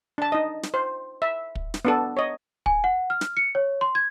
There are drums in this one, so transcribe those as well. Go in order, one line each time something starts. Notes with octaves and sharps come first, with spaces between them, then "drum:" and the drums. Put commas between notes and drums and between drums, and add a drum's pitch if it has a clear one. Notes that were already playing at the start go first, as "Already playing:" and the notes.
D4 A5
D#4 D#5
drum: snare
C5
E5
drum: kick
drum: snare
B3 D4 A4
C#5 D#5
G#5, drum: kick
F#5
F6
drum: snare
C#7
C#5
C6
G#6